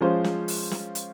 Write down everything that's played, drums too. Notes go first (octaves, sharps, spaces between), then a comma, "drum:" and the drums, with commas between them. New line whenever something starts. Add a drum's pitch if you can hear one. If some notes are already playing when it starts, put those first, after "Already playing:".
F3 G#3 C#4 F4 C5
drum: snare
drum: open hi-hat
drum: snare
drum: hi-hat